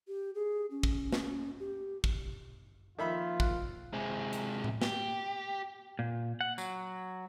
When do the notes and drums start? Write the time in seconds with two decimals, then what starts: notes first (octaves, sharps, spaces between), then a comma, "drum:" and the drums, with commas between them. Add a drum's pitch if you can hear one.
0.08 G4
0.35 G#4
0.71 C#4
0.83 drum: kick
1.13 drum: snare
1.60 G4
2.04 drum: kick
2.99 D#3 F3 A#3 F4 E5 B5
3.40 F#6, drum: kick
3.93 C3 G#3
4.33 drum: hi-hat
4.64 drum: tom A2
4.82 G4, drum: snare
5.99 A#2
6.41 F#5
6.58 F#3, drum: tambourine